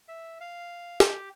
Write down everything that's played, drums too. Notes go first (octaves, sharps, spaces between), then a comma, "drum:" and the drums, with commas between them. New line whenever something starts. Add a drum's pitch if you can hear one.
E5
F5
G4, drum: snare